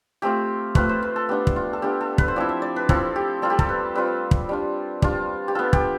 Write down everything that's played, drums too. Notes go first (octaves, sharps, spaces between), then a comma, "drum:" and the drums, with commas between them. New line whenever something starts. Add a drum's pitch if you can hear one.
A3 C4 F4 G4
A3 C4 F4 B4, drum: kick
C5
B4
A4
B3 D4 F4 G4
drum: kick
F4
A4
B3 D4 F4 G4
A4
B4, drum: kick
C5
F3 C4 E4 D5
E5
D5
B4
F3 C4 E4 A4, drum: kick
G4
G3 C4 F4 A4
G4
A4, drum: kick
B4
G3 C4 F4 B4
drum: kick
G3 D4 F4
G3 D4 F4, drum: kick
G4
B3 F4 A4
G4, drum: kick